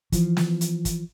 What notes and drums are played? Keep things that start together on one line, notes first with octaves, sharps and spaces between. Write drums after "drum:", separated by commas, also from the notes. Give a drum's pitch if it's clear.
E3 F3, drum: kick, hi-hat
drum: snare
drum: hi-hat
drum: kick, hi-hat